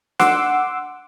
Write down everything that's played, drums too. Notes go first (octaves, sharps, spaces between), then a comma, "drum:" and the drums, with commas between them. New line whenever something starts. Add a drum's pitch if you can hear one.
F#5 C6 D6 E6, drum: snare D4